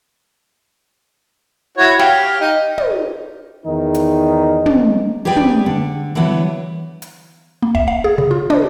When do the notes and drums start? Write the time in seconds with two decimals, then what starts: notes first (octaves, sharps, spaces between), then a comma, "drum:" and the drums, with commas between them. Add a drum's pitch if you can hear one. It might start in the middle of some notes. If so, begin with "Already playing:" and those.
1.78 E4 F#4 C#5
1.99 G4 F5, drum: snare
2.41 D#4
2.78 drum: tom
3.65 E2 D#3 D#4
3.94 drum: hi-hat
4.66 drum: tom
5.25 G4 G#4 B4 D5 G5
5.36 drum: tom
5.66 D3
6.15 D3 E3 F#3 G3 B3
7.02 drum: hi-hat
7.62 A#3
7.75 E5, drum: kick
7.88 F5
8.04 G#4
8.18 C#3
8.31 F4
8.50 D4, drum: tom